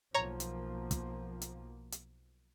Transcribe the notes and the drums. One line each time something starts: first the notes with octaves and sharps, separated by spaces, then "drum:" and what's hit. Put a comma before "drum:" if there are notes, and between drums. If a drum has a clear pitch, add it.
B1 F3 A#3 C#5 A#5
drum: hi-hat
drum: kick, hi-hat
drum: hi-hat
drum: hi-hat